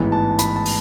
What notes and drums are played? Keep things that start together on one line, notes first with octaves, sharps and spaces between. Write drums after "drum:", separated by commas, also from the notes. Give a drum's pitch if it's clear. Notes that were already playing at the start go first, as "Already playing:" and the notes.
Already playing: A1 G#2 E3 G#3 B3
A5
B5, drum: hi-hat
A5
drum: open hi-hat